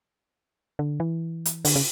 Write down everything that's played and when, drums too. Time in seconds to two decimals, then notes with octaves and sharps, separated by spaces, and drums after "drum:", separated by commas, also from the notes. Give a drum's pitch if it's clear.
0.79 D3
1.00 E3
1.45 drum: hi-hat
1.65 D3, drum: open hi-hat
1.76 C#3